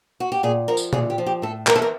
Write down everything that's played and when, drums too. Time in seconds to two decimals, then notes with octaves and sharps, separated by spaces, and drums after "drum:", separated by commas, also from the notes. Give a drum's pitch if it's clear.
0.20 F#4
0.32 G4
0.43 A#2 G#4
0.68 F3 A#4
0.77 drum: tambourine
0.93 A#2 G#4, drum: tom
1.10 G4
1.18 F3
1.26 G4
1.42 A2 A4
1.67 E3 A#4, drum: clap
1.76 A4
1.82 A#4